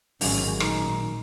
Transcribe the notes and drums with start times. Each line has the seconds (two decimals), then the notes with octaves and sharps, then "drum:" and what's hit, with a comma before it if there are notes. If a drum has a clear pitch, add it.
0.21 A1 G#2 D#3 F#3 G#3 C#4, drum: open hi-hat
0.60 A#2 D#4, drum: rim click